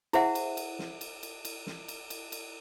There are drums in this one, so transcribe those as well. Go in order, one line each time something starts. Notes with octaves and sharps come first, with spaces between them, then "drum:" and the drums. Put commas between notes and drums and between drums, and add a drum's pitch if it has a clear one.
E4 G#4 C5 E5 F#5, drum: cymbal
drum: cymbal
drum: cymbal
drum: snare
drum: cymbal
drum: cymbal
drum: cymbal
drum: snare
drum: cymbal
drum: cymbal
drum: cymbal